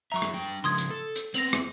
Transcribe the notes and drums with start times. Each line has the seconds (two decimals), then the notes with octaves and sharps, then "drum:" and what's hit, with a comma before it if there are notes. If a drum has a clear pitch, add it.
0.12 F#3 E5 A#5 C#6
0.22 drum: rim click
0.34 D4 G5
0.64 C#3 F3 C6 D#6 G#6
0.78 drum: hi-hat
0.90 A4
1.16 drum: hi-hat
1.34 B3 C4 A#6 F7 F#7, drum: hi-hat
1.53 drum: rim click